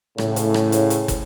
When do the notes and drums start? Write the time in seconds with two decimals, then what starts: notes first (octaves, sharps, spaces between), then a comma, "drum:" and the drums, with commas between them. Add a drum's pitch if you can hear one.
0.18 A2 C#3, drum: rim click
0.36 drum: hi-hat
0.54 drum: rim click
0.72 drum: hi-hat
0.90 drum: hi-hat
1.08 drum: kick, hi-hat